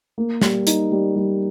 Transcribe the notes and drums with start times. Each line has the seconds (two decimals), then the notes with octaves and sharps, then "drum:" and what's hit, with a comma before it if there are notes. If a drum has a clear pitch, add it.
0.18 A#3
0.42 G3, drum: snare
0.67 D#4, drum: hi-hat
0.92 G3
1.16 G3